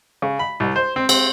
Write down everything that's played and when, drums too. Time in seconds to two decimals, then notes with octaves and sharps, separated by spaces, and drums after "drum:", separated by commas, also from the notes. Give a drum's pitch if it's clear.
0.22 C#3
0.39 B5
0.60 C2
0.76 C5
0.96 C4
1.09 C4, drum: cymbal